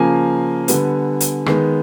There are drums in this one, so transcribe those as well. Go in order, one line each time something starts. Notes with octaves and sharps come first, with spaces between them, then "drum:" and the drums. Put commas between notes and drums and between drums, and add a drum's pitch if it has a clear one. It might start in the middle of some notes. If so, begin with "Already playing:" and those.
Already playing: C#3 F3 A#3 G#5
D3 G3 B3, drum: hi-hat
drum: hi-hat
D#3 G#3 B3, drum: rim click